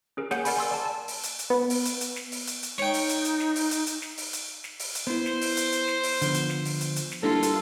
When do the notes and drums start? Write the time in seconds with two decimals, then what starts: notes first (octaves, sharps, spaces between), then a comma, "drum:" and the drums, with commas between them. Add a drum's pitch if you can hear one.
0.17 C#4 G#4 A#4
0.31 A#3 G#4 C#5 F#5 G#5 G6, drum: snare
0.45 A#4 D5 F#5 G#5 B5, drum: open hi-hat
0.57 G#5 C6 E6
0.71 D5 A5
0.85 A5
1.08 drum: open hi-hat
1.23 drum: hi-hat
1.39 drum: hi-hat
1.50 B3
1.70 drum: open hi-hat
1.85 drum: hi-hat
2.01 drum: hi-hat
2.16 drum: snare
2.32 drum: open hi-hat
2.47 drum: hi-hat
2.63 drum: hi-hat
2.78 D#4 C#5 G5, drum: snare
2.94 drum: open hi-hat
3.09 drum: hi-hat
3.25 drum: hi-hat
3.40 drum: snare
3.56 drum: open hi-hat
3.71 drum: hi-hat
3.87 drum: hi-hat
4.02 drum: snare
4.17 drum: open hi-hat
4.33 drum: hi-hat
4.64 drum: snare
4.79 drum: open hi-hat
4.95 drum: hi-hat
5.07 B3 E4 C5
5.26 drum: snare
5.41 drum: open hi-hat
5.57 drum: hi-hat
5.72 drum: hi-hat
5.88 drum: snare
6.03 drum: open hi-hat
6.22 D3 F3 B3, drum: hi-hat
6.34 drum: hi-hat
6.50 drum: snare
6.65 drum: open hi-hat
6.81 drum: hi-hat
6.96 drum: hi-hat
7.12 drum: snare
7.23 G2 A#3 E4 F4 A4
7.43 drum: hi-hat